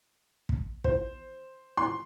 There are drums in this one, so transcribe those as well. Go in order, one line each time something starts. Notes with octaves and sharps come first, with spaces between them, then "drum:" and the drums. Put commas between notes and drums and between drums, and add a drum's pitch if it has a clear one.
drum: kick
C5, drum: kick
C6